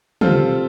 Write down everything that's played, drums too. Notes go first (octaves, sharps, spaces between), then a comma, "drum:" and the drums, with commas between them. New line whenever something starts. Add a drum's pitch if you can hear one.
G3 C4 F4 A4, drum: tom